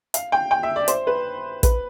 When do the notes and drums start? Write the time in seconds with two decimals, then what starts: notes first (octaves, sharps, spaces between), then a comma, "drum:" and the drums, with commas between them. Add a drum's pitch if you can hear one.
0.14 F5, drum: hi-hat
0.32 G5
0.51 G5
0.63 E5
0.76 D5
0.88 C5, drum: hi-hat
1.07 B4
1.63 B4, drum: kick, hi-hat